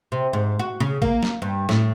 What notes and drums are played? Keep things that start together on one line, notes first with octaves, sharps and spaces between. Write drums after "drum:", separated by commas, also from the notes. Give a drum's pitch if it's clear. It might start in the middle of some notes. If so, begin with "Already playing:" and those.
C3
G#2
F#4
C#3
A#3, drum: kick A1
drum: snare
G2
A2, drum: snare